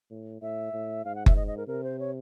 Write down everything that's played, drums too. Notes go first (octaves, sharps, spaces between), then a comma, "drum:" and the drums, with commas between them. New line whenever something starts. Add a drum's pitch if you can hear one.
A2
A2 E5
A2
G#2 F5
F#5
E5, drum: kick F#1
D#5
D#5
A#4
C3 A#4
C5
C#5